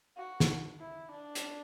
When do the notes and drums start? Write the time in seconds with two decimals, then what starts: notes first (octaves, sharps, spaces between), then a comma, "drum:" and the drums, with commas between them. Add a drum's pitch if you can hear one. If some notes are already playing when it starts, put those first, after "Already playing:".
0.17 F#4
0.40 drum: snare
0.80 E4
1.12 D4
1.35 drum: hi-hat